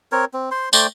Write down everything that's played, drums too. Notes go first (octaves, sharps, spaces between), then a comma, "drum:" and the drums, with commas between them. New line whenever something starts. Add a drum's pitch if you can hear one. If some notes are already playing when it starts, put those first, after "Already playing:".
C4 A#4 C#5
C4
C5 C6
A3 C5 D5 G5, drum: tambourine